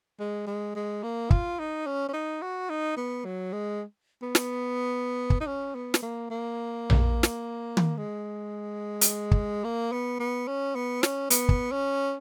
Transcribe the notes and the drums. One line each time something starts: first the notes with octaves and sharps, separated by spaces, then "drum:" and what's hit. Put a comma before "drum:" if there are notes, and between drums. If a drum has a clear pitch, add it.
G#3
G#3
G#3
A#3
F4, drum: kick
D#4
C#4
C#4
D#4
F#4
D#4
B3
F#3
G#3
B3
drum: snare
drum: kick
D#4
C#4
B3
drum: snare
A#3
A#3
drum: tom A#1
drum: snare
drum: tom
G#3
drum: hi-hat
drum: kick
A#3
B3
B3
C#4
B3
C#4, drum: snare
B3, drum: hi-hat
drum: kick
C#4